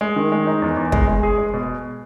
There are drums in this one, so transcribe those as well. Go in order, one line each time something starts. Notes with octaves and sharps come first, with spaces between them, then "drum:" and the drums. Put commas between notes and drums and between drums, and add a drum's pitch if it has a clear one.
G#3
D#3
G#3
D#4
E2
E2
G#3, drum: kick
G#3
G#4
G#3
B2